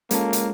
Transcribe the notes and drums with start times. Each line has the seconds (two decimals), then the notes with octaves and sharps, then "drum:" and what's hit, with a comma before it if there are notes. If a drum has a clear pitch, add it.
0.11 G#3 A#3 C#4 F4 A4, drum: hi-hat
0.33 drum: hi-hat